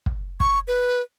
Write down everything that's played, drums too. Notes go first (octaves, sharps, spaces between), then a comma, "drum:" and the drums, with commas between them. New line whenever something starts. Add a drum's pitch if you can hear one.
drum: kick
C#6, drum: kick
B4